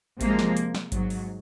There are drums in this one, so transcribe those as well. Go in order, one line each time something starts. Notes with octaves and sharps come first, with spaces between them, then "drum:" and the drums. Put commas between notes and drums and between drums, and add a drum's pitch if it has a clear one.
C3 F3 G#3 A#3, drum: kick A1, hi-hat
drum: snare
drum: hi-hat
drum: snare
G#2 F#3, drum: kick A1, hi-hat
drum: open hi-hat